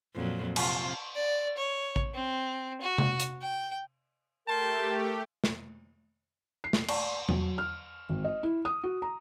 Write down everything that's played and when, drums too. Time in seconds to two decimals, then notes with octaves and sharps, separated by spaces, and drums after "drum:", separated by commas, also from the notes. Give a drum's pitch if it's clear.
0.15 F2 A#2 F#3
0.56 C3 F4, drum: cymbal
1.15 D5
1.57 C#5
1.96 drum: kick A1
2.15 C4
2.81 F#4
2.98 drum: tom C3
3.20 drum: hi-hat
3.42 G5
4.47 A3 G4 A#4 G5 A5 C6
5.44 drum: snare
6.64 C7
6.73 drum: snare
6.88 D5, drum: cymbal
7.29 F#3, drum: tom E2
7.58 F6
8.09 G#1
8.24 D#5
8.43 E4
8.65 D#6
8.83 F#4
9.02 A#5